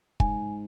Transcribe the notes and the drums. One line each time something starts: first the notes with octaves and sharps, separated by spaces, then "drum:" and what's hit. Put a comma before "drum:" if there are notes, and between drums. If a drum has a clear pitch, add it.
G#2 G#5, drum: kick